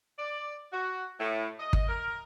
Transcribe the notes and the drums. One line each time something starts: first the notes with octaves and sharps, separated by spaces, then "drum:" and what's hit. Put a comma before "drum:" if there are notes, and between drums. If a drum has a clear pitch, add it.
D5
F#4
A2
D#5
drum: kick
A#4